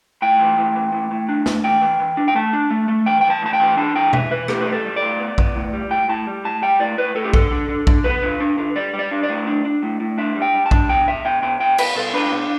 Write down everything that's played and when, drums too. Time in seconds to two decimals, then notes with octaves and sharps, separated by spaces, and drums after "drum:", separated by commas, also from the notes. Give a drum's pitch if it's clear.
0.22 A2 G5
0.39 E3
0.57 A2
0.75 E3
0.92 A2
1.11 A2
1.29 D4
1.46 A3, drum: snare
1.64 E3 G5
1.82 E3
2.00 E3
2.17 D4
2.28 G5
2.35 A3 A5
2.53 D4
2.70 A3
2.88 A3
3.06 E3 G5
3.21 E3 G5
3.30 A5
3.42 A2 A5
3.53 G5
3.60 E3
3.77 D4 A5
3.95 E3 G5
4.13 E3 E5, drum: tom B2
4.31 E3 B4
4.48 A2 G4, drum: rim click
4.61 B4
4.66 G3
4.73 A4
4.84 G3
4.96 D5
5.02 A2
5.19 B3
5.38 B3, drum: kick A#1
5.55 A2
5.73 G3
5.91 A2 G5
6.09 A2 A5
6.27 G3
6.45 A2 A5
6.62 G3 G5
6.79 A2 D5
6.97 A2 B4
7.15 A2 A4
7.24 G4
7.34 D3 A4, drum: kick A#1
7.51 D3
7.69 D3
7.87 D3, drum: kick A#1
8.04 B3 B4
8.23 D3
8.40 D4
8.58 D3
8.76 G3 D5
8.94 G3
8.99 D5
9.11 D4
9.23 D5
9.29 A2
9.47 D4
9.65 D4
9.82 A2
10.00 A2
10.18 D4 E5
10.36 G3
10.42 G5
10.53 G3
10.66 A5
10.71 D4, drum: kick A#1
10.89 B2 G5
11.07 B2 E5
11.25 B2 G5
11.42 B2 G5
11.60 B2 G5
11.78 B2 B4, drum: cymbal
11.96 B2 A4
12.13 D4 B4
12.32 B2